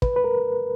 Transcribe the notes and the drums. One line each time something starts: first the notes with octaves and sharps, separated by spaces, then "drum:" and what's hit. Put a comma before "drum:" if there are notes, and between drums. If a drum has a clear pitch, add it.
B4, drum: kick
B4
A#4